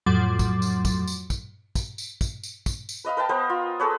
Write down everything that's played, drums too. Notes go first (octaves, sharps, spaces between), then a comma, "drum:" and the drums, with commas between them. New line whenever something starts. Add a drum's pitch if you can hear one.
F2 A2 F#3 C6 D6 A6
drum: kick, tambourine
drum: tambourine
drum: kick, tambourine
drum: tambourine
drum: kick, tambourine
drum: kick, tambourine
drum: tambourine
drum: kick, tambourine
drum: tambourine
drum: kick, tambourine
drum: tambourine
B4 D#5 F5 B5
A#4 B4 G5 A5
B3 A#4 C5
F4
G#4 A4 B4 C#5